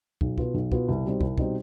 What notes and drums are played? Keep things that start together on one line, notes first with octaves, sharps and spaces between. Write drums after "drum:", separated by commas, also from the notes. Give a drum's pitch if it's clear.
B1, drum: kick
B2 B3 F4, drum: kick
B1
B2 B3 F4, drum: kick
C2
B2 G3 C4 D#4
C2, drum: kick
B2 G3 C4 D#4, drum: kick